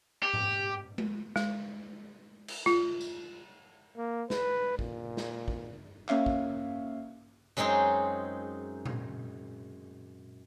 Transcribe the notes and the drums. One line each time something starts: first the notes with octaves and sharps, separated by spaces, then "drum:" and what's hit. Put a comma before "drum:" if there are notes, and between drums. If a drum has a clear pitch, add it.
G4
drum: tom G#2
drum: tom G#3
G#3, drum: snare
drum: cymbal
F4, drum: snare
drum: tambourine
A#3
B4, drum: snare
A#2, drum: kick
drum: snare
drum: kick
A#3 C#4 C#5 E5 F5, drum: clap
drum: kick
F#2 G#3 C4 D#4 G#4
drum: tom A#2